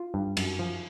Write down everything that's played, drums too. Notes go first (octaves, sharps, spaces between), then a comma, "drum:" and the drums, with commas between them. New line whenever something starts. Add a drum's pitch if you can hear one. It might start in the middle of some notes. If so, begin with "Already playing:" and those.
Already playing: F4
G2
F#2, drum: cymbal
F3